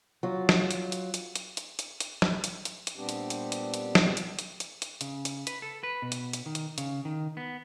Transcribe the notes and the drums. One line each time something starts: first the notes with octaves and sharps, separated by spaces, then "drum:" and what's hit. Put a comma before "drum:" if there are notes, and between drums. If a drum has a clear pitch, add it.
F#3 F4
drum: snare
drum: hi-hat
drum: hi-hat
drum: hi-hat
drum: hi-hat
drum: hi-hat
drum: hi-hat
drum: hi-hat
drum: snare
drum: hi-hat
drum: hi-hat
drum: hi-hat
A#2 G3 B3 C4 D4 G4
drum: hi-hat
drum: hi-hat
drum: hi-hat
drum: hi-hat
drum: snare
drum: hi-hat
drum: hi-hat
drum: hi-hat
drum: hi-hat
C#3, drum: hi-hat
drum: hi-hat
B4, drum: hi-hat
A4
B4
B2
drum: hi-hat
drum: hi-hat
D#3
drum: hi-hat
C#3, drum: hi-hat
D#3
B3